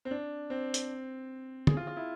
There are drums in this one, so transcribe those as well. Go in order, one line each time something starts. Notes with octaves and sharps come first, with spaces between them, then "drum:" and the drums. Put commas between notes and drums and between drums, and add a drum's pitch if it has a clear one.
C4
D4
C4
drum: hi-hat
G#4, drum: tom
F4
F4
E4